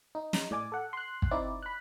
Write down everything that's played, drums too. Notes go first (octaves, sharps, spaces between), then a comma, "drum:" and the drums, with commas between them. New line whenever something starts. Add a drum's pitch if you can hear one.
D#4
drum: snare
A2 D5 G#5 D6
A4 F#5
C6 F#6
drum: kick
C4 D#4 E4 D5
B5 F#6